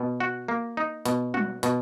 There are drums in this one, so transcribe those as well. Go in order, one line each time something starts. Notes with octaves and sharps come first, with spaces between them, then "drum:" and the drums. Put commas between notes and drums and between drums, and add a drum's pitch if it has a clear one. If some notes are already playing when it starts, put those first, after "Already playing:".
Already playing: B2
F#4
A#3
D#4
B2, drum: hi-hat
F#4, drum: tom F#3
B2, drum: hi-hat